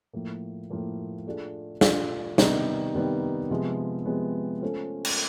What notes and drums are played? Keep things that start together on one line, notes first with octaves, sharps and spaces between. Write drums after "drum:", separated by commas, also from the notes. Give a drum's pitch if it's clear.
A2 F3 A#3
A2 F3 A#3
A3 D4 F4 G#4
A3 D4 F4 G#4, drum: snare
C3 D#3 G3 B3 D#4, drum: snare
C3 D#3 G3 B3 D#4
C3 F3 G#3 B3
C3 F3 G#3 B3
A3 C#4 F4 A4 C5
drum: cymbal